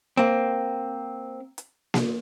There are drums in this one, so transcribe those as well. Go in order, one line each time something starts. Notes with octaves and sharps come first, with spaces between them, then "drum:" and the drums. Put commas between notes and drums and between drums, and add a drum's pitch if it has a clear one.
A#3 C4
drum: hi-hat
drum: snare A#3